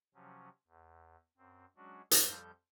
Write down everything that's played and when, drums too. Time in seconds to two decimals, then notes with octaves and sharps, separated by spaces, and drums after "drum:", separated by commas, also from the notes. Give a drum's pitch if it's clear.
0.14 C3 F3 F#3 C#4
0.67 E2
1.38 F#2 C4
1.76 F#3 G#3 C#4 D4 F#4
2.11 F2 F3 G3 A4 F5 G6, drum: hi-hat